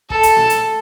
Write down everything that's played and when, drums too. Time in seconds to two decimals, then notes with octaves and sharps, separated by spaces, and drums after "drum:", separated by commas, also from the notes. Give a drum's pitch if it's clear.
0.10 A4, drum: kick
0.23 drum: hi-hat
0.36 drum: snare A3
0.50 drum: hi-hat